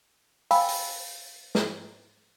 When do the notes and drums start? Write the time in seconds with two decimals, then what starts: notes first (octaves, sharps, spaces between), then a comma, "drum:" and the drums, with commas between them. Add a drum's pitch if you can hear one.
0.51 F5 G5 G#5 B5 E6, drum: open hi-hat
0.68 drum: open hi-hat
1.55 drum: snare